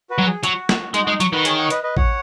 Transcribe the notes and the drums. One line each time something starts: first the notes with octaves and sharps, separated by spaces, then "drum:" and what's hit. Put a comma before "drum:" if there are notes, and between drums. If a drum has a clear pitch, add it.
F#4 B4
F#3
G#4
F#3 F#4, drum: hi-hat
drum: snare
G#3 D#4, drum: hi-hat
F#4
G#3 D#4
F#3, drum: hi-hat
D#3 F#4 B4
G#4 C#5, drum: hi-hat
C#5 F#5
B4 D#5, drum: hi-hat
B4 D#5
C#5 F#5, drum: kick A1